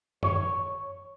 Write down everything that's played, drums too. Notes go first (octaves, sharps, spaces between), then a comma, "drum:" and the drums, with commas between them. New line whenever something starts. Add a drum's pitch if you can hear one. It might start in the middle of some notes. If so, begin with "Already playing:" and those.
C#5, drum: tom F#2